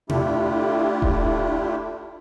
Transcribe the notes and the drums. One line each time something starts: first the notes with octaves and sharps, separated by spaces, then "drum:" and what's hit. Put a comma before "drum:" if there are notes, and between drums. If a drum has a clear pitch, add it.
A3 D4 E4 F4 G4, drum: tom B2
drum: kick D#1